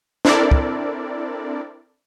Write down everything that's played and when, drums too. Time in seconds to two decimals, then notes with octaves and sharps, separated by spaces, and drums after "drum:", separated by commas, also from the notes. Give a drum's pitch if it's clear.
0.25 C4 D4 E4 A4 A#4 D5, drum: snare
0.51 drum: kick